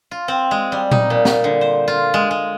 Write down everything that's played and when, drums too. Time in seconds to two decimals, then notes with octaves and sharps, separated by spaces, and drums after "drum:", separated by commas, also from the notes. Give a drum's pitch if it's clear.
0.11 F4
0.28 C4
0.51 G#3
0.72 G3
0.91 D#4, drum: tom A#2
1.10 A#2
1.25 drum: snare
1.44 D3
1.61 C5
1.88 F4
2.14 G#3
2.31 G#3